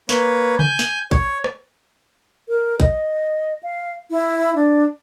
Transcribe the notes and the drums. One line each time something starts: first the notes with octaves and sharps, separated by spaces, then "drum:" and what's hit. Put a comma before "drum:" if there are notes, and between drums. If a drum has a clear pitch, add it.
A#3 B4 C#5, drum: snare
G#5 G6, drum: tom C#3
drum: snare
C#5, drum: kick A#1
drum: rim click
A#4
D#5, drum: kick A#1
F5
E4
D4